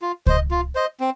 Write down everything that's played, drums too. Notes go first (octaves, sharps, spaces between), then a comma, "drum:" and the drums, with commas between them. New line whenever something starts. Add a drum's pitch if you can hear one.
F4
C5 D#5, drum: kick C#2
F4
C5 D#5
C4